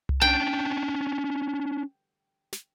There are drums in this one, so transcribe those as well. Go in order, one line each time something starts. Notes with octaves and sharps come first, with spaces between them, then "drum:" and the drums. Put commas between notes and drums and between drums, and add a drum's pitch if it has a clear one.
drum: tom C2
C#4 D4 G5 A5
drum: snare